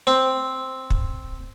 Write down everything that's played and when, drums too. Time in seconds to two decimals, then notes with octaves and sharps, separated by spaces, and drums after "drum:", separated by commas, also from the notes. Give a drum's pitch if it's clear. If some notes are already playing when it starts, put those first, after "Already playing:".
0.07 C4
0.90 drum: kick